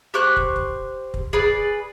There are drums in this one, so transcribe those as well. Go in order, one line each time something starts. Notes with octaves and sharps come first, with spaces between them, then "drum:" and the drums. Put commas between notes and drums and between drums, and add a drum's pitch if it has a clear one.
G4 C5 C#6 F#6
drum: kick
drum: kick
drum: kick
G#4 B4 D5, drum: kick